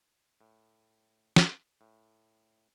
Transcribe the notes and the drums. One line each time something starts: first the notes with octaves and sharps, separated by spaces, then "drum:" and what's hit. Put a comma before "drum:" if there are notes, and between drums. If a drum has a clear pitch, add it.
A2
drum: snare
A2